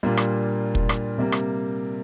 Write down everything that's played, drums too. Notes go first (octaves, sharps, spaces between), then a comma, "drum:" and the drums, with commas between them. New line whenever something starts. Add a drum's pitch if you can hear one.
A#2 G3 A#3 D4 F4
drum: rim click
drum: kick
drum: rim click
C3 G3 A#3
drum: rim click